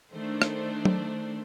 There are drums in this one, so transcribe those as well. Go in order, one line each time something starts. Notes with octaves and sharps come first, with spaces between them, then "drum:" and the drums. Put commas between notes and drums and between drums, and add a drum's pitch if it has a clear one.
D#3 A3 D4 C5
drum: rim click
drum: tom F#3